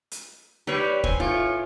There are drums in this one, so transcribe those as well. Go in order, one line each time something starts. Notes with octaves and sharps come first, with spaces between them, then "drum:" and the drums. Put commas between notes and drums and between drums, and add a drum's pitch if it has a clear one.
drum: hi-hat
G3 B4 C#5
C4 G#5, drum: kick
A2 F4